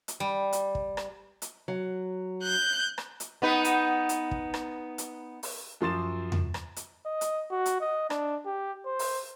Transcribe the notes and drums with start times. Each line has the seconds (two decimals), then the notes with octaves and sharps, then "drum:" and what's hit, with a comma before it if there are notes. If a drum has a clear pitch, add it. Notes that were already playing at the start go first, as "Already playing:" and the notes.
0.08 drum: hi-hat
0.20 G3
0.53 drum: hi-hat
0.75 drum: kick
0.97 drum: rim click
1.42 drum: hi-hat
1.68 F#3
2.43 F#6 G6
2.98 drum: rim click
3.20 drum: hi-hat
3.42 B3 D#4 B4
3.64 drum: hi-hat
4.09 drum: hi-hat
4.31 drum: kick
4.54 drum: rim click
4.98 drum: hi-hat
5.43 drum: open hi-hat
5.81 F#2 F3 C6 A6 E7
6.32 drum: tom E2
6.54 drum: rim click
6.76 drum: hi-hat
7.06 D#5
7.21 drum: hi-hat
7.51 F#4
7.66 drum: hi-hat
7.81 D#5
8.10 D4, drum: rim click
8.46 G4
8.86 C5
8.99 drum: open hi-hat